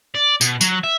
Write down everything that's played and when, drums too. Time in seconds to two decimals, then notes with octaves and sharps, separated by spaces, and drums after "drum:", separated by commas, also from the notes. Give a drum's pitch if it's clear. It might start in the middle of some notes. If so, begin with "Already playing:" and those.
0.15 D5
0.41 B2, drum: tambourine
0.61 F#3, drum: tambourine
0.84 E5